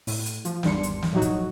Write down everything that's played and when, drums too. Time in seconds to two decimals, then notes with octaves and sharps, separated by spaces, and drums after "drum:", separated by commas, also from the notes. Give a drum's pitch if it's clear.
0.07 A2, drum: open hi-hat
0.26 drum: hi-hat
0.45 F3, drum: hi-hat
0.63 G#1 E2 G3 D4 C6 C#7, drum: snare
0.83 drum: hi-hat
1.02 drum: snare
1.12 A2 F3 F#3 D#4 F#4
1.22 drum: kick, hi-hat